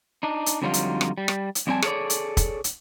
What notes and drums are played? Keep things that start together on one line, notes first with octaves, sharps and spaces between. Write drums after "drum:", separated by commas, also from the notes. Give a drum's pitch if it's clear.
D4 D#4
drum: hi-hat
F2 D3 F#3 G3 D#4 F4
drum: hi-hat
drum: rim click
G3
drum: rim click
drum: hi-hat
F2 G3 C4 D5 G#5 A5
G#4 A4 C#5 D5, drum: rim click
drum: hi-hat
drum: kick, hi-hat
drum: hi-hat